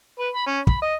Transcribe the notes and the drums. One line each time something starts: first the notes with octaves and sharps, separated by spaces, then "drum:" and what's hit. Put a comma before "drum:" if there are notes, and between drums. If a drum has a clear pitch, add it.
B4
B5
C#4
B5, drum: kick
D#5